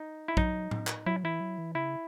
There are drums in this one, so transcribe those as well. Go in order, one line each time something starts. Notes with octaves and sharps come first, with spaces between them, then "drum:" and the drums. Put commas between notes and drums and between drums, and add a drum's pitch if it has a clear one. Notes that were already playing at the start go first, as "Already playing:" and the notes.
Already playing: D#4
E4
F#3 D#4, drum: kick
drum: tom A2
drum: clap
F#3 E4
E3 E4
F#3
E3
C#3 E4